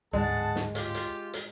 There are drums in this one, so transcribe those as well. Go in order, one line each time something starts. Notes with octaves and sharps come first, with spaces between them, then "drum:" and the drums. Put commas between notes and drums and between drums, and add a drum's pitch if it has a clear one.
D1 D2 G#2 D3 G#3 G#4 F#5 A5
drum: snare
F4 G4, drum: hi-hat
drum: hi-hat
drum: hi-hat